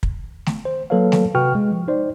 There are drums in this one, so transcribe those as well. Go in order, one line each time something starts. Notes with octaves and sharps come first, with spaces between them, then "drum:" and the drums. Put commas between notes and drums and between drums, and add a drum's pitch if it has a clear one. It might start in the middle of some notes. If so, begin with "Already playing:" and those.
drum: kick
drum: snare A3
C5
F#3 A#3 A4 B4 C#5 F5
drum: snare A3
C3 F#4 B4 G5 C#6 F6
G#3
F3
D#4 C5 D5